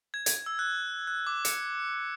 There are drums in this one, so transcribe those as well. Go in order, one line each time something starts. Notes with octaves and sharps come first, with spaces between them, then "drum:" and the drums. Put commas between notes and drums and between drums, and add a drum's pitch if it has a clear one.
G#6
G#6, drum: hi-hat
E6
F#6
F#6
D6
C#7, drum: hi-hat